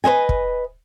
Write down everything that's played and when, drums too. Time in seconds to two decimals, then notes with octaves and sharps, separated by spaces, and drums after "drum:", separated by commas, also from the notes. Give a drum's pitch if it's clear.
0.04 B4 C5 D#5 G#5
0.29 drum: kick